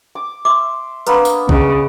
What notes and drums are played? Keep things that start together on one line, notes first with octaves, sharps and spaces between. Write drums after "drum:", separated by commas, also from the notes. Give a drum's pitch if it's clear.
D6
E5 C6 D6
A#3 B3 D4 B4 B5 C6, drum: hi-hat
drum: tambourine
C#3 B3 D#5, drum: kick B1